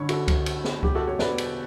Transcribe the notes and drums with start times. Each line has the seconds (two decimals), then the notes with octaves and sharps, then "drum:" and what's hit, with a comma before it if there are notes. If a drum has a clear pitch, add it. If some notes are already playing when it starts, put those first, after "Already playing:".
Already playing: A1 G2 D3 C#5
0.09 F#4 A4, drum: cymbal
0.28 drum: kick C#2, cymbal
0.46 drum: cymbal
0.65 drum: snare
0.83 E2 B2 G3 G4, drum: kick C#2
0.95 F#4 A4
1.08 A4 C#5
1.19 B4 D5, drum: snare
1.38 drum: cymbal